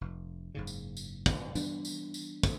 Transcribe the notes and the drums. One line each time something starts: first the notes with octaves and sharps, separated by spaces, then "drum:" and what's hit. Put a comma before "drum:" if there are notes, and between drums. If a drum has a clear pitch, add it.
F1
F#1 G#2 C#3
drum: tambourine
drum: tambourine
drum: kick, tambourine
E3 G3 B3 D4, drum: tambourine
drum: tambourine
drum: tambourine
drum: kick, tambourine